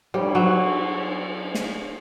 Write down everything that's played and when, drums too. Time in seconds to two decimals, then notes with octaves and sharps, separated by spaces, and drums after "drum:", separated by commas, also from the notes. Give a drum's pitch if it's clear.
0.14 G3, drum: cymbal
0.35 F#3
1.55 drum: snare